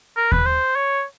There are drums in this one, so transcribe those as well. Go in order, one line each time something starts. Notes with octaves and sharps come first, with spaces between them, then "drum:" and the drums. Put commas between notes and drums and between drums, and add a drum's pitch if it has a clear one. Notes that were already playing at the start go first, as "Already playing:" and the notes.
A#4
B4, drum: kick D#2
C5
C#5